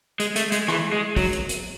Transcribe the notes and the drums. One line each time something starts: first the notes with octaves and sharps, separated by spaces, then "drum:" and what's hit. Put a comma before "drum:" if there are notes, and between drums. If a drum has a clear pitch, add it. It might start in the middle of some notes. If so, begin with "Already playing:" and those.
G#3, drum: hi-hat
A3, drum: hi-hat
G#3, drum: hi-hat
E3, drum: rim click
G#3
F#3, drum: kick, open hi-hat
drum: hi-hat
drum: hi-hat